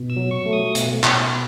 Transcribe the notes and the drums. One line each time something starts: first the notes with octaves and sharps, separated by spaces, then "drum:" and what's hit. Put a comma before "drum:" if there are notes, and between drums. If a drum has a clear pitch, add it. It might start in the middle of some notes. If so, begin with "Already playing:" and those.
Already playing: B2
E6
F#3
C#6
A3
D#6
B2, drum: hi-hat
B2, drum: clap